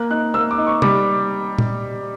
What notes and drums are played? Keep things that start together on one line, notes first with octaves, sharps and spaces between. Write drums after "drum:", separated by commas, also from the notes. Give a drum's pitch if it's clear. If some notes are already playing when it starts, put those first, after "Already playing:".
Already playing: A#3 F#6
D#4 F#6
A#3 E6
D6
D#4
C#6
G3 D6, drum: tom
drum: tom A#2